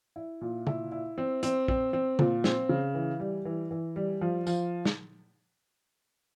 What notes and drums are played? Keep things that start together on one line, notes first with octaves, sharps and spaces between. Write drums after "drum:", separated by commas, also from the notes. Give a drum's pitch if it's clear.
E4
A#2
E4, drum: tom C#3
E4
C4
C4, drum: hi-hat
C4, drum: kick
C4
A#2, drum: tom C#3
C4, drum: snare
C#3
E3
G3
E3
E3
G3
F3
F3, drum: tambourine
drum: snare